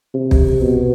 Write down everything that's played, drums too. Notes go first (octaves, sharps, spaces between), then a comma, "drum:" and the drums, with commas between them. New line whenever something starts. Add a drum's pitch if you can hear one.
C3
drum: kick
B2